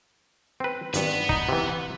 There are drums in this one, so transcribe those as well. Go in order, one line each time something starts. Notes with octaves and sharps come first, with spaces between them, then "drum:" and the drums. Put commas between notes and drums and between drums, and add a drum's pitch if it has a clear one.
C4 B4
G#1 G2 B3 B4, drum: hi-hat
D#4, drum: kick
C3 E3